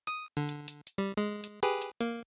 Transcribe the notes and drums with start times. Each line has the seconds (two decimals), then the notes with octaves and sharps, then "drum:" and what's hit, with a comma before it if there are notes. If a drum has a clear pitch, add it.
0.07 D#6
0.37 D3
0.49 drum: hi-hat
0.68 drum: hi-hat
0.87 drum: hi-hat
0.98 G3
1.17 G#3
1.44 drum: hi-hat
1.63 G4 G#4 B4, drum: hi-hat
1.82 drum: hi-hat
2.01 A#3, drum: hi-hat